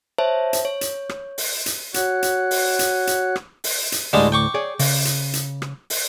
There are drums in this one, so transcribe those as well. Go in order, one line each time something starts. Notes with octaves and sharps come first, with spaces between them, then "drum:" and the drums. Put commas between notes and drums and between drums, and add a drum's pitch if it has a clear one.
C5 C#5 E5 A5
drum: hi-hat
C#5
drum: hi-hat
drum: rim click
drum: open hi-hat
drum: hi-hat
F#4 C#5 F#5 F#6, drum: hi-hat
drum: hi-hat
drum: open hi-hat
drum: hi-hat
drum: hi-hat
drum: rim click
drum: open hi-hat
drum: hi-hat
D2 A2 D3 G3 G#3
G5 C#6 D6
G#4 C#5 D5
C#3, drum: open hi-hat
drum: hi-hat
drum: hi-hat
drum: rim click
drum: open hi-hat